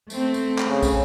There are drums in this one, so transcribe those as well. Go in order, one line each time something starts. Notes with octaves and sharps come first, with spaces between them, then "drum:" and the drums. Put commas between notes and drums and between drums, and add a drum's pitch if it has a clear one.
A3 C4, drum: tambourine
drum: tambourine
drum: clap
C#3
drum: kick, tambourine